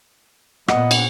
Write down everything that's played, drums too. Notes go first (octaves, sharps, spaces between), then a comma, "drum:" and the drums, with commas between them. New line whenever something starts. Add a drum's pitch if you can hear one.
A#2 B3 D#5 F#5, drum: rim click
drum: cymbal